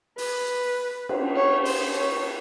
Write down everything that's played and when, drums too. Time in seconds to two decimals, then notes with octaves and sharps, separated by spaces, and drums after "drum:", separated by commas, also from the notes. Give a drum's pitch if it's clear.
0.18 B4, drum: open hi-hat
1.09 drum: cymbal
1.36 C#5
1.65 C5, drum: open hi-hat
1.95 C#5